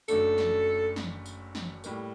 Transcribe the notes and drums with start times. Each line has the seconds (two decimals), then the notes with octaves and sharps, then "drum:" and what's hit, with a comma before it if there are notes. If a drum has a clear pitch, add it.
0.08 F#1 F#2 F#3 A3 D4 A4, drum: tambourine
0.38 drum: snare
0.96 drum: snare
1.26 drum: tambourine
1.55 drum: snare
1.84 A2 G3 A#3, drum: tambourine